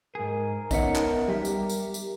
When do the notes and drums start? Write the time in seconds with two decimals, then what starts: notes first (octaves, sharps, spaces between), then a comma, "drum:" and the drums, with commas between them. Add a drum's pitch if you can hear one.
0.15 G#2 G#4 A#4
0.71 B3 C#4 D#4 D#5 E5 F#5, drum: kick A#1, tambourine
0.95 drum: clap
1.28 G3 G4 E5
1.45 drum: tambourine
1.69 drum: tambourine
1.94 drum: tambourine